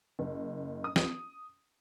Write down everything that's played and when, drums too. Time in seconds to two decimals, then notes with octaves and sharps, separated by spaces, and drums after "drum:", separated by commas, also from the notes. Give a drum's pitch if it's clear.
0.19 F#1
0.84 D#6
0.96 drum: snare C4